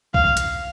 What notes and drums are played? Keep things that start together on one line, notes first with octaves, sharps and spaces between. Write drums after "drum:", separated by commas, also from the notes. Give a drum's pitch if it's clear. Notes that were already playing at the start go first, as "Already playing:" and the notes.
F5, drum: kick B1
drum: hi-hat